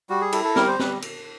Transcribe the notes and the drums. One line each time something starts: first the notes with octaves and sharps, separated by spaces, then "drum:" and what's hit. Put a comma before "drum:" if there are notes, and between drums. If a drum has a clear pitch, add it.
G3 F#4
G#4
E4 A4, drum: cymbal
A4
G3 A#4, drum: snare
C5
G3 B4, drum: snare
drum: cymbal